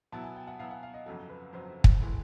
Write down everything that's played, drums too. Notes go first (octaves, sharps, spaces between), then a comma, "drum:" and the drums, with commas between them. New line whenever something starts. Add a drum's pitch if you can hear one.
B2 F#3 B3 E4 A5
G#5
G5
F#5
B2 F#3 B3 E4 F5
F#5
F5
D#5
G1 F2 C#3 F#3 A4
B4
G1 F2 C#3 F#3 C5
drum: kick
A2 E3 G#3